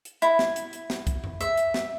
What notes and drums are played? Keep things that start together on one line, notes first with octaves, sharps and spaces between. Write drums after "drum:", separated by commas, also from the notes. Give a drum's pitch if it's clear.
drum: hi-hat
E4, drum: hi-hat
drum: snare
drum: hi-hat
drum: hi-hat
drum: snare
drum: kick C2, hi-hat
drum: tom F2
E5, drum: hi-hat
drum: hi-hat
drum: snare